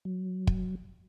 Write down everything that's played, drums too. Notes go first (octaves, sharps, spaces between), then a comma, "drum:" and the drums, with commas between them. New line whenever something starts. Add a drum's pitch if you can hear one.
F#3
drum: kick